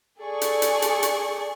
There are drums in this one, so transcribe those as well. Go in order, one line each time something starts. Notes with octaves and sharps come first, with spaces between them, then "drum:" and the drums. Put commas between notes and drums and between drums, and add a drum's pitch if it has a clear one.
G#4 A4 D5 C#6
drum: hi-hat
drum: hi-hat
drum: hi-hat
drum: hi-hat